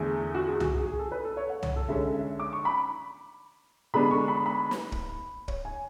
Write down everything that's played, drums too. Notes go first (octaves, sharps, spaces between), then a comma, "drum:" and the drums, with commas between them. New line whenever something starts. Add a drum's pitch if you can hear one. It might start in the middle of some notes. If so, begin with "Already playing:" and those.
Already playing: E2 D3 A3 G#4
F#4
G#4
F#4, drum: tom
G#4
G#4
A4
B4
A4
C#5
F#5
C#5, drum: tom
A4
D3 G#3 C#4 E5
E5
D6
C#6
B5
D3 G#3 B3 D4 B5
C#6
B5
B5
drum: snare
drum: kick
C#5, drum: kick
G#5